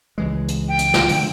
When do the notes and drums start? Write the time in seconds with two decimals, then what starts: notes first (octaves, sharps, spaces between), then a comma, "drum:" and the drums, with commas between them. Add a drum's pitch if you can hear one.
0.18 C#2 E3 G#3
0.48 drum: hi-hat
0.69 G5
0.79 drum: hi-hat
0.94 drum: snare
1.09 D3 F3 G#3, drum: open hi-hat